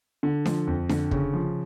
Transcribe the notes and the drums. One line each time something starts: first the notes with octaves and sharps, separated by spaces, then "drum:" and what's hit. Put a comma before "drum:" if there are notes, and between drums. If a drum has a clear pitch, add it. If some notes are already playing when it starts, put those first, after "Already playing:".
D3
F3, drum: snare D4
F2
D3, drum: snare D4
C#3, drum: kick
F3